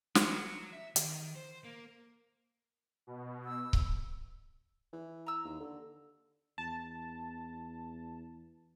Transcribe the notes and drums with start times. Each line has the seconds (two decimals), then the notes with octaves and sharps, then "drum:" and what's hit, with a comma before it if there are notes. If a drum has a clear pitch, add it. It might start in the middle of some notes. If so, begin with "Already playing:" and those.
0.15 F#3, drum: snare
0.73 E5
0.96 D#3, drum: hi-hat
1.36 C5
1.64 A#3
3.07 B2
3.45 E6
3.73 drum: kick C#1
4.93 E3
5.26 A#5 E6
5.44 D#2
5.60 D3
6.58 E2 A5